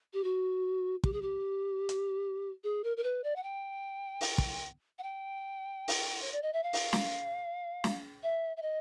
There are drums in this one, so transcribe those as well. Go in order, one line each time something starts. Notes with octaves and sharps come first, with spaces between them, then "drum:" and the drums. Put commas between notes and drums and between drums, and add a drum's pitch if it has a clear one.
G4
F#4
G4, drum: kick
G#4
G4
drum: hi-hat
G#4
A#4
A#4
B4
D5
F#5
G5
drum: open hi-hat
drum: kick
F#5
G5
drum: open hi-hat
C#5
D5
D#5
E5
F5
drum: open hi-hat
drum: snare
drum: snare
E5
E5
D#5